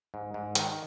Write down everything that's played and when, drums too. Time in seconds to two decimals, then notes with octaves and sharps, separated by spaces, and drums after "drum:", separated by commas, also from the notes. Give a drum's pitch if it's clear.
0.14 G#2
0.34 G#2
0.55 D#3, drum: hi-hat